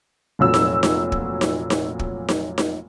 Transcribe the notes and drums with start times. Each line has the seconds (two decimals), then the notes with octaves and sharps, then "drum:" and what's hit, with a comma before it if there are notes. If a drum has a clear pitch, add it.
0.39 F1 A#2 F#3 E6
0.54 drum: snare D#4
0.83 drum: snare D#4
1.12 drum: kick
1.41 drum: snare D#4
1.70 drum: snare D#4
1.99 drum: kick
2.29 drum: snare D#4
2.58 drum: snare D#4